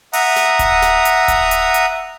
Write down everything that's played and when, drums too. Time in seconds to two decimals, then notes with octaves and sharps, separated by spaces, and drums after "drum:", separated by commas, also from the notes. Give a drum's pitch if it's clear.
0.13 E5 F#5 A#5 D#6, drum: open hi-hat
0.36 drum: snare
0.59 drum: kick D1, hi-hat
0.82 drum: snare
1.05 drum: hi-hat
1.28 drum: kick D1, hi-hat
1.51 drum: hi-hat
1.74 drum: hi-hat